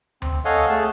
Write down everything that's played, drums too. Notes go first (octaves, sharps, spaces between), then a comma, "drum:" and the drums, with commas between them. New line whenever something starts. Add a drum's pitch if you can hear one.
C4, drum: tom D2
A4 C#5 D#5 F5 F#5 G#5
A3 G#4 A5